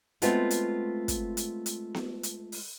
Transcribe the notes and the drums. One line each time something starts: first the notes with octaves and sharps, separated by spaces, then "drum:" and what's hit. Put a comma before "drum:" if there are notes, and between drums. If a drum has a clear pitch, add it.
G#3 A3 B3 C4 F4 F#4, drum: hi-hat
drum: hi-hat
drum: kick, hi-hat
drum: hi-hat
drum: hi-hat
drum: snare B3
drum: hi-hat
drum: open hi-hat